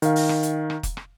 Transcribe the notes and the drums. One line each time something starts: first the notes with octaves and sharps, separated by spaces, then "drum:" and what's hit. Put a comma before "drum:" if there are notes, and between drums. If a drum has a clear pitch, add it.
D#3 F5, drum: hi-hat
drum: open hi-hat
drum: rim click
drum: hi-hat
drum: rim click
drum: kick, hi-hat
drum: rim click